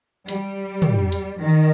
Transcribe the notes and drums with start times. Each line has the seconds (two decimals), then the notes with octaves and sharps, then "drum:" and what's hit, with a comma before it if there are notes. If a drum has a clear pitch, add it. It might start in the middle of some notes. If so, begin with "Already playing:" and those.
0.28 G3, drum: hi-hat
0.82 drum: tom
1.12 drum: hi-hat
1.42 D#3